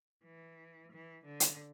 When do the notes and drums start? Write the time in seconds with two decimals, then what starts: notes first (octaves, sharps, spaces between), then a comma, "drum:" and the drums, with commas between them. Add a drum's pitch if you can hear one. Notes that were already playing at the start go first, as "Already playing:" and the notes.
0.24 E3
0.92 E3
1.25 D3
1.40 drum: hi-hat